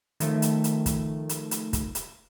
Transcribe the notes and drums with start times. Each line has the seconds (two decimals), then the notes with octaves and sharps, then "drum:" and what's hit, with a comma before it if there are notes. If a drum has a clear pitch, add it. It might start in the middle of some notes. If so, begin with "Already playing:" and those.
0.20 D#3 F3 A3, drum: hi-hat
0.42 drum: hi-hat
0.64 drum: hi-hat
0.86 drum: kick, hi-hat
1.29 drum: hi-hat
1.51 drum: hi-hat
1.73 drum: kick, hi-hat
1.95 drum: hi-hat